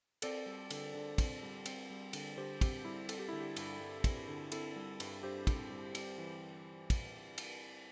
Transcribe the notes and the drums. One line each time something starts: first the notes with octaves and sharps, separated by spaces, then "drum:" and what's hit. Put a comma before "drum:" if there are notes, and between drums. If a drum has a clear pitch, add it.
C4 A4 D5, drum: cymbal
G3
D3, drum: cymbal
D3
C4, drum: kick, cymbal
G3
C4, drum: cymbal
G3
D3, drum: cymbal
D3 G4 C5
C4 G4, drum: kick, cymbal
G3 E4
C4 A4, drum: cymbal
G4
D3 E4
G4
G2, drum: cymbal
G2
C4, drum: kick, cymbal
D3
C4 E4 A4, drum: cymbal
G3
G2, drum: cymbal
G2 G4 C5
C4, drum: kick, cymbal
G3
C4, drum: cymbal
E3
drum: kick, cymbal
drum: cymbal